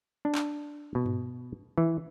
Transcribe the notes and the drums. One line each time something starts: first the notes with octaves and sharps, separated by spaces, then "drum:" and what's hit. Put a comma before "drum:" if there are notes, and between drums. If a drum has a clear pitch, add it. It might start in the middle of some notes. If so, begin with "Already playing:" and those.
D4
drum: clap
B2
drum: tom G2
E3